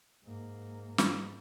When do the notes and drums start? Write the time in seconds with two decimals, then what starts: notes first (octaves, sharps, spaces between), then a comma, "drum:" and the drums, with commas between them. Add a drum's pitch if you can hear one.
0.24 G#2 A#3
0.98 drum: snare